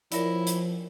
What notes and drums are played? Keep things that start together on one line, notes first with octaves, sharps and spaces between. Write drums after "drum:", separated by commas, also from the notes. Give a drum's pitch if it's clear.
F3 E4 A#4 C#5 D5, drum: hi-hat
drum: hi-hat